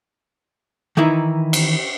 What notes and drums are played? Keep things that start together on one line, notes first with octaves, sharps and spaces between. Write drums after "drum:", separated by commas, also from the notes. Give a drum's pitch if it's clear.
D#3 E3 D#4 E4 E5
drum: cymbal